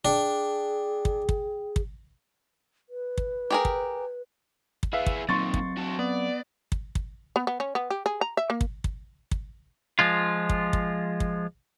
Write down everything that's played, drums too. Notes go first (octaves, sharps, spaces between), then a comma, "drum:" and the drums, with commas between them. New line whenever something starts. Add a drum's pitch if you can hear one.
D4 G#4 G5
drum: kick
drum: kick
drum: kick
B4
drum: kick
G4 G#4 A#4
drum: kick
drum: kick
E4 G#4 B4 E5 F5
drum: kick
A#2 D#3 F#3 C4 C6 C#6 A6
drum: kick
F#4 A4
B3 D5
drum: kick
drum: kick
B3
B3
C#4
B3
G4
G#4
A#5
E5
A#3
drum: kick
drum: kick
drum: kick
F3 G#3 F4
drum: kick
drum: kick
drum: kick